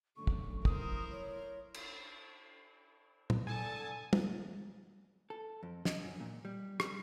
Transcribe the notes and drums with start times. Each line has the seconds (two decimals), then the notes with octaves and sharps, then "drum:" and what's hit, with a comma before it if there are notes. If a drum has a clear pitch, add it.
0.17 F#2 D3 A3 C#6
0.27 drum: kick
0.65 E4 A#4 C5 D#6, drum: kick
1.11 C#5
1.74 drum: cymbal
3.30 drum: tom
3.47 D3 A4 G#5 A5 D#6
4.13 drum: tom
5.30 A4
5.63 F2
5.85 D#5, drum: snare
6.03 F#2
6.20 A#2
6.45 G3
6.80 G3, drum: rim click